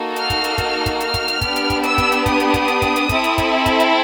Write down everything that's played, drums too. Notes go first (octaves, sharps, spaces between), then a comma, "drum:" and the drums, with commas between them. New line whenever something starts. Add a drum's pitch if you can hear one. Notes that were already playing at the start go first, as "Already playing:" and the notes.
Already playing: A#3 D#4 F#4 A4
F6, drum: hi-hat
drum: kick, hi-hat
drum: hi-hat
drum: kick, hi-hat
drum: kick, hi-hat
F6, drum: hi-hat
drum: kick, hi-hat
drum: hi-hat
B3 D4 G4, drum: kick, hi-hat
drum: hi-hat
drum: kick, hi-hat
E6, drum: hi-hat
drum: kick, hi-hat
drum: hi-hat
D#6, drum: kick, hi-hat
drum: hi-hat
drum: kick, hi-hat
drum: hi-hat
drum: kick, hi-hat
drum: hi-hat
C4 E4 A4, drum: kick, hi-hat
drum: hi-hat
drum: kick, hi-hat
drum: kick, hi-hat
drum: hi-hat